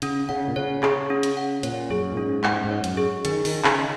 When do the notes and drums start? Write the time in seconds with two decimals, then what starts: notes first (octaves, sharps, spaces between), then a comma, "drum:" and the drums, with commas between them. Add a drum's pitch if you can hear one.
0.02 C#3 C#4, drum: hi-hat
0.29 C#3 F#5
0.48 A#2
0.56 C#3 C#5
0.83 C#3 G#4, drum: clap
1.10 C#4
1.23 drum: hi-hat
1.37 F#5
1.63 A#2 C#5, drum: hi-hat
1.90 F#2 G#4
2.12 A#2
2.17 G#2 C#4
2.44 G#2 F#5, drum: clap
2.64 G#2
2.71 C#5
2.84 F#2, drum: hi-hat
2.97 G#4
3.25 D#3 D#4, drum: hi-hat
3.45 D#3, drum: open hi-hat
3.52 D#4
3.64 C#3, drum: clap
3.78 D#5